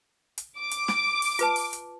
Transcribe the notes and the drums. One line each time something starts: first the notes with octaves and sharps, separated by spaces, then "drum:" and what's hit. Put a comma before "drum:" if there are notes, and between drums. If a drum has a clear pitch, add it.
drum: hi-hat
D6
drum: hi-hat
drum: snare
drum: open hi-hat
F4 B4 A5, drum: hi-hat
drum: open hi-hat
drum: hi-hat